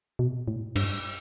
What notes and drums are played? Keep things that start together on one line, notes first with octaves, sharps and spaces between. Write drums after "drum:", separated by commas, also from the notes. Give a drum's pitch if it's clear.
B2
A2
G2, drum: cymbal